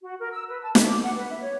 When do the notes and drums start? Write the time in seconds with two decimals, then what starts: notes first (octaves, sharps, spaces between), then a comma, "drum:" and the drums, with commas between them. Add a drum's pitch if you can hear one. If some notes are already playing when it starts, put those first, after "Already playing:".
0.02 F#4
0.20 A#4
0.33 E6
0.48 B4
0.62 A5
0.75 E5, drum: snare
0.88 D6
1.03 F#5
1.15 B4
1.29 E5
1.42 C#5